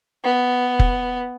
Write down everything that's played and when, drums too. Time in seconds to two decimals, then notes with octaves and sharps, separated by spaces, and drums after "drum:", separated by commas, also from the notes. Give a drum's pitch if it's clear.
0.24 B3
0.79 drum: kick F1